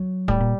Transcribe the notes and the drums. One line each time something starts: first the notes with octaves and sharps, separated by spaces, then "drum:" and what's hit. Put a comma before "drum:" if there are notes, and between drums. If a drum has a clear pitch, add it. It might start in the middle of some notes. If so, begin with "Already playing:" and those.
Already playing: F#3
A2 G3, drum: kick
A#2